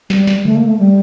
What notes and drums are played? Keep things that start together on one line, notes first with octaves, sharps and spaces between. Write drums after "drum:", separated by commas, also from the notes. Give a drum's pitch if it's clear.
G3, drum: snare
drum: snare
A3, drum: tom C#3
A#3
A3
G3